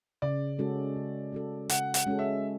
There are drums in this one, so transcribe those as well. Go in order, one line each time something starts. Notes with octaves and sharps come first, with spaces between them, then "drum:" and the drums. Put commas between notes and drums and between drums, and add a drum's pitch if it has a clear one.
C#3 D5
G#3 C#4 F#4 A4
C#3
G#3 C#4 F#4 A4
C#3 F#5, drum: hi-hat
F#5, drum: hi-hat
G#3 C#4 F#4 A4
E5